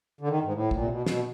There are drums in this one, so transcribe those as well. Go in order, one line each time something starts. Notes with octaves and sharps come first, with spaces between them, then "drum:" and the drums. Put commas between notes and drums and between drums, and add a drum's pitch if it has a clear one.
D3
D#3
G#2
A2
A#2, drum: kick
C3
B2
B2, drum: snare